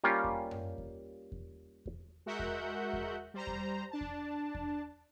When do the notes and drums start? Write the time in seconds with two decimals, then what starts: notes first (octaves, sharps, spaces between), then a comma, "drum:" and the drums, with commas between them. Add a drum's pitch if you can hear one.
0.04 G3 A#3 C#4 F4 G4
0.24 drum: kick E2
0.51 drum: tom F#2
0.78 drum: kick E2
1.32 drum: kick E2
1.86 drum: kick E2
2.26 G#3 F#4 A#4 E5 F#5 G6
2.39 drum: kick E2
2.93 drum: kick E2
3.34 G3 C5 A#5
3.47 drum: kick E2
3.91 D4 A5
4.01 drum: kick E2
4.55 drum: kick E2